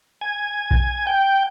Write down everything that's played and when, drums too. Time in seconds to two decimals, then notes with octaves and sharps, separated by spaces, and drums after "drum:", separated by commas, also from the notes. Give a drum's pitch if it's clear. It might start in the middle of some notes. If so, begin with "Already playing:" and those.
0.21 G#5
0.71 drum: kick B1
1.07 G5